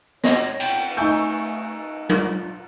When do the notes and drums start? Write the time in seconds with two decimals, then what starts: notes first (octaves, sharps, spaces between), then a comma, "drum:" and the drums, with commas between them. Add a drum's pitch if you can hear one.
0.24 C#5 D#5 A#6, drum: snare
0.60 G5 F#7, drum: cymbal
0.97 A3 D#4 G#5 C#6 E6 G6
2.09 F4, drum: tom F#3